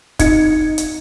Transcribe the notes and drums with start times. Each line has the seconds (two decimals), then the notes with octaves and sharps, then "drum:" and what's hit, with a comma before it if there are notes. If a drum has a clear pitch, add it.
0.19 D#4 G#6 C#7, drum: kick, hi-hat
0.78 drum: hi-hat